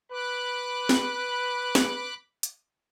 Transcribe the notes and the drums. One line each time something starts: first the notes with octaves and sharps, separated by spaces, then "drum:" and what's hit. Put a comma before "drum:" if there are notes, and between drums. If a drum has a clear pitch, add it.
B4 B5 D6 F#6
drum: snare
drum: snare
drum: hi-hat